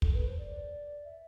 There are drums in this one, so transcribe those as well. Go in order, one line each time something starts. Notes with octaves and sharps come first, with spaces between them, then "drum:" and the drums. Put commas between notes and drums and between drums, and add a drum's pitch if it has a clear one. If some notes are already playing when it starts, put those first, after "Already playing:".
A4, drum: kick
B4
C5
D5
E5